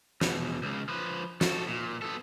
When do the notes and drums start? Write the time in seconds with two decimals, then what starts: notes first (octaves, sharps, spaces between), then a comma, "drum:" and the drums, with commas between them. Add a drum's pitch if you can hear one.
0.21 E2 B2, drum: snare
0.62 C#2 C#3
0.89 F3 B4
1.41 F#4 A4, drum: snare
1.68 A#2
2.02 B3 A4